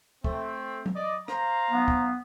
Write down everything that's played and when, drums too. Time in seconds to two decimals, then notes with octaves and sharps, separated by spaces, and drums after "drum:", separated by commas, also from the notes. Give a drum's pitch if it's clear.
0.24 A3 C4, drum: kick C#2
0.86 drum: tom
0.95 D5 D#5
1.28 C5 F5 A#5, drum: rim click
1.71 B3
1.88 drum: kick C#2